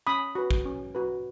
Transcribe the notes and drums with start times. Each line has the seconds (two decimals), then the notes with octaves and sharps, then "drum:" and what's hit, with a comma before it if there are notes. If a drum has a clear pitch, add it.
0.07 C#4 B5 D#6
0.35 F#4 B4
0.51 drum: kick
0.65 C#4
0.95 F#4 B4